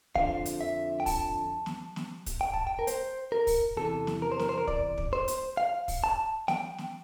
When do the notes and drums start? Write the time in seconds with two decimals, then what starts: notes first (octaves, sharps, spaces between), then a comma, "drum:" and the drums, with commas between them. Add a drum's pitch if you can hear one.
0.16 F2 D3 F3 F5, drum: kick
0.46 drum: hi-hat
0.61 E5
1.00 G5
1.06 A5, drum: kick, open hi-hat
1.66 drum: snare
1.96 drum: snare
2.26 drum: kick, hi-hat
2.41 G5
2.54 A5, drum: kick
2.67 G5
2.79 A#4
2.87 C5, drum: hi-hat
3.32 A#4
3.47 drum: kick, open hi-hat
3.77 E2 C3 E3 A4
4.07 drum: snare
4.22 A#4
4.32 C5
4.39 A#4, drum: snare
4.49 C5
4.58 A#4
4.68 D5, drum: kick
4.98 drum: kick
5.13 C5
5.28 drum: hi-hat
5.57 F5
5.88 drum: kick, open hi-hat
6.04 A5
6.48 G5, drum: snare
6.78 drum: snare